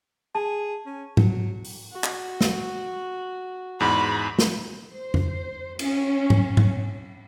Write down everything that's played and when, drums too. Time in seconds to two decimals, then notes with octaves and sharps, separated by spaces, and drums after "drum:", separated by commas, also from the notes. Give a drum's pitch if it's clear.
0.35 G#4 A5
0.86 C#4
1.17 F#3, drum: tom G#2
1.65 drum: open hi-hat
1.93 F#4
2.04 drum: clap
2.41 drum: snare
3.80 E2 G#2 B5
4.39 drum: snare
4.94 C5
5.14 drum: tom F2
5.79 C#4, drum: cymbal
6.30 drum: tom G#2
6.57 drum: tom G#2